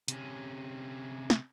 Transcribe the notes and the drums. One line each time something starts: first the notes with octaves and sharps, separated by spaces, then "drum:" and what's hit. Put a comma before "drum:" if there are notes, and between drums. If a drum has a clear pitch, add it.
C3 C#4, drum: hi-hat
drum: snare